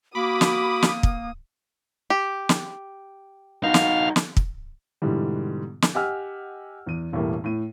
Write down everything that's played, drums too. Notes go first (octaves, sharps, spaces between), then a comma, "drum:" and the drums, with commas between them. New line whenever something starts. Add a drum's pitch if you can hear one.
A#3 F#4 B5 D6 D#6
drum: snare
drum: snare
drum: kick
G4
drum: snare
D#4 F#4 F5 F6
drum: snare
drum: snare
drum: kick
G#2 B2 D3 E3 G3
drum: snare
G4 D#5 F#5 G#5 E6 F6
E2 D#7
E1 A2 G3 A3 A#3
A2 D#7